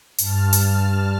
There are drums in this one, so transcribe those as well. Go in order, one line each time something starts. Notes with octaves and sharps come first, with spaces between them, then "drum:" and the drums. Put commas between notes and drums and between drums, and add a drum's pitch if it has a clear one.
G2 A5 F6, drum: hi-hat
drum: hi-hat